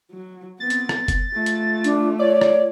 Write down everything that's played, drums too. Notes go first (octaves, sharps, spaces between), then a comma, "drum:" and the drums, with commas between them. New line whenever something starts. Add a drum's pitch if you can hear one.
F#3
B3 C4 A6
drum: hi-hat
drum: rim click
drum: kick F#1, hi-hat
A3 F4
drum: hi-hat
D4, drum: hi-hat
C#5 D5
drum: rim click